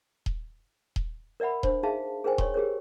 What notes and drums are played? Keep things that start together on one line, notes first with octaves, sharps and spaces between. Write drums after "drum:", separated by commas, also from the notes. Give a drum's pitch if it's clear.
drum: kick D#1
drum: kick D#1
A#4 D5 E5 F#5 B5
D4 C5, drum: kick D#1
D#4 G#4 E5 F5 A5
G#4 A#4 C5 G5 G#5
C#5 C6 C#6, drum: kick D#1
G4 G#4 A#4 C#5